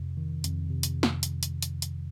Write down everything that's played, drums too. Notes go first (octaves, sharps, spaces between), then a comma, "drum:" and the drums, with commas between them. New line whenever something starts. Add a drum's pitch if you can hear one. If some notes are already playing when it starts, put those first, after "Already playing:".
Already playing: F2 C3
D#3
F2, drum: hi-hat
C3
drum: hi-hat
drum: snare
drum: hi-hat
drum: hi-hat
drum: hi-hat
drum: hi-hat